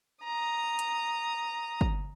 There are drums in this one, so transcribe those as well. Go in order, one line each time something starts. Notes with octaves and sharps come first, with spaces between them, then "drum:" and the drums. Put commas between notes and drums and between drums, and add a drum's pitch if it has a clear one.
A#5 D#6
drum: hi-hat
drum: kick